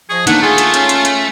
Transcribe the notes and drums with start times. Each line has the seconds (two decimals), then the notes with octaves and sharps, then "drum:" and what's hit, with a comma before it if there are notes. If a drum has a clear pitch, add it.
0.09 F3 G#4 D#5 C#6
0.27 D#3 A3 A#3 D4 D#4 F#5, drum: hi-hat
0.42 F4 G#4
0.58 drum: hi-hat
0.74 C#4, drum: hi-hat
0.89 drum: hi-hat
1.05 drum: hi-hat